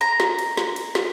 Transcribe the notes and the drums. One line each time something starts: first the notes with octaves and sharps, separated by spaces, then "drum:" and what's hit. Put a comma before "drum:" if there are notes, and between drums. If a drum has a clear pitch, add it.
A#5
drum: snare
drum: cymbal
drum: snare
drum: cymbal
drum: snare